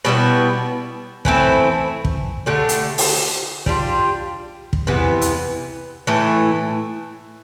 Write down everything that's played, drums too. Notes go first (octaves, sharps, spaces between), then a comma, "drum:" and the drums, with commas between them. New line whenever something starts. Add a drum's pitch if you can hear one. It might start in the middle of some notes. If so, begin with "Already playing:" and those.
B2 G3 B3 E4
E3 A3 C4 E4, drum: kick
drum: kick
D3 A3 D4 G4
drum: hi-hat
drum: open hi-hat
G3 D4 F4, drum: kick
drum: kick
C3 E3 B3, drum: tom E2
drum: hi-hat
A2 E3 A3